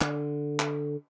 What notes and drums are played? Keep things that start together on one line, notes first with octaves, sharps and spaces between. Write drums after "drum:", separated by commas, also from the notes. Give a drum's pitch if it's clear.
D3, drum: clap
drum: clap